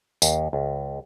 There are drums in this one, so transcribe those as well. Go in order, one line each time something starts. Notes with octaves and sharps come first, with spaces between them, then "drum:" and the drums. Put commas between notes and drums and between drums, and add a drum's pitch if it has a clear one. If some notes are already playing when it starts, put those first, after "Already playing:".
D#2, drum: tambourine
C#2